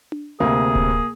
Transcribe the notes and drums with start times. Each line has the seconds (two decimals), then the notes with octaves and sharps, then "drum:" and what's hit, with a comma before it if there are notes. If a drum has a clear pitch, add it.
0.12 drum: tom D4
0.40 D2 C3 A#3 G#4
0.75 drum: kick D1